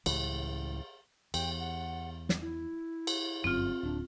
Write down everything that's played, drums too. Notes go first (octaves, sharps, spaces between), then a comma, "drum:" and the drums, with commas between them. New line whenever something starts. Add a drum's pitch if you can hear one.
C#2 A2 E3, drum: cymbal
E2 G5, drum: cymbal
F#5
drum: snare
E4
drum: cymbal
G1 F#2 C4 F4
D1 D4